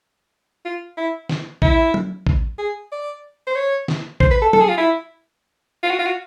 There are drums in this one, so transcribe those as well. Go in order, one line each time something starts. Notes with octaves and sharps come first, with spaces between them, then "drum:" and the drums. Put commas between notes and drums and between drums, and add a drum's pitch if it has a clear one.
F4
E4
drum: snare
E4, drum: kick A1
drum: tom
drum: kick A1
G#4
D5
C5
C#5
drum: snare
C5, drum: kick A1
B4
A4
A4, drum: tom
G#4
F4
E4
F4
F#4
F4
F#4